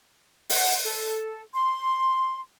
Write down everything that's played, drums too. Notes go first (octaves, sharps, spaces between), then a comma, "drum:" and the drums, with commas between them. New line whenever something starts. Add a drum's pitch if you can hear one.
F#5, drum: open hi-hat
A4
C6